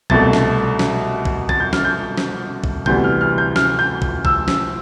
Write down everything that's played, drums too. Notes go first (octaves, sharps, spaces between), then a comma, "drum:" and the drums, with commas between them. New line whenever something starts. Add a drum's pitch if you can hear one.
C2 B2 A3 A6, drum: kick
drum: snare
drum: snare
drum: kick
A6, drum: kick
G6
F6, drum: snare
G6
drum: snare
drum: kick
D2 C3 E3 G3 B3 G6, drum: kick
F6
F6
G6
F6, drum: snare
G6
drum: kick
E6, drum: kick
drum: snare